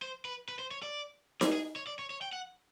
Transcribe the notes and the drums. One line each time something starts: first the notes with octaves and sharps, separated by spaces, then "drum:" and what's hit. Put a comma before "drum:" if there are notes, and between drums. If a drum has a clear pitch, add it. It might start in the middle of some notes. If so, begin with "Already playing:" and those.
C5
B4
B4
C5
C#5
D5
G#4, drum: snare D#4
G#4
C#5
D5
C#5
C#5
G5
F#5